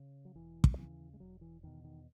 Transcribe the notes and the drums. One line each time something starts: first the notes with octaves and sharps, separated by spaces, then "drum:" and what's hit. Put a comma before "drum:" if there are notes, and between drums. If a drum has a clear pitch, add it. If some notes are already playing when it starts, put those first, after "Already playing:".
Already playing: C#3
F#3
E1 E3
drum: kick
D#2 C#3 E3
G#3
E1 F#3
E3
E2 B2 D#3
D#3